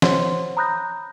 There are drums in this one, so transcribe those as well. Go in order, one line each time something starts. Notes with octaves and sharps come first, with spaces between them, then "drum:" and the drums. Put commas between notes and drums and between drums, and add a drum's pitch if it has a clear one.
C5 C#5 F#5 C6, drum: snare
A#5 B5 D#6 F#6 G6 A#6